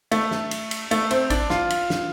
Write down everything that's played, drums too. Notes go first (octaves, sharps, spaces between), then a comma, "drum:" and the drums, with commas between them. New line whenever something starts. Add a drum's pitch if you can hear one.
A3, drum: cymbal
drum: snare
drum: cymbal
drum: cymbal
A3, drum: cymbal
C4, drum: cymbal
D4, drum: kick A1, cymbal
F4, drum: snare
drum: cymbal
drum: snare